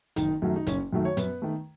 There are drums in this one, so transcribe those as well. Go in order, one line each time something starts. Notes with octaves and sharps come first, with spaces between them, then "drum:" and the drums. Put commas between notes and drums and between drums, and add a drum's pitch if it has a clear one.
F#1 D#3 D#4, drum: hi-hat
F#2 D#3 F#3 A3
D#4
F#1 C#4, drum: hi-hat
F#2 D#3 F#3 A3
C#5
F#2 B3 B4, drum: hi-hat
D#3 A3